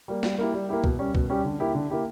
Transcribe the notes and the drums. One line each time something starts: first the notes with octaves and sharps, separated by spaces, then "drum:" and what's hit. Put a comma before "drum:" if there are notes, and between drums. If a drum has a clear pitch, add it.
G3 A#3
G3, drum: snare
A#3 E4 G4
G3
A#3 E4 G4
B2, drum: kick C2
G3 C#4 G4
B2, drum: kick C2
G3 C#4 G4
D3
A#3 E4 G4
D3
A#3 E4 G4